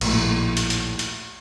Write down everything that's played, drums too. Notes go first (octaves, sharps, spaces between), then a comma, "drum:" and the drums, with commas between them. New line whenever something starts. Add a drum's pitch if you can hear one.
A#1 D#2 A2, drum: cymbal
drum: hi-hat
drum: hi-hat
drum: hi-hat